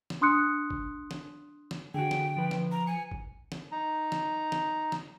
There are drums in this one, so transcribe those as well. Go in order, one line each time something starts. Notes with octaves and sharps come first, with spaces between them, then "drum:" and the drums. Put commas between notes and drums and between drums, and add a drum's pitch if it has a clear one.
drum: snare
D4 C6 D#6 F#6 C#7
drum: kick
drum: snare
drum: snare
D3 F#4 G#4 G5
drum: snare
F3 B4
drum: snare
A#5
G#5 C#7
drum: kick
drum: snare
D#4 A#5
drum: snare
drum: snare
drum: snare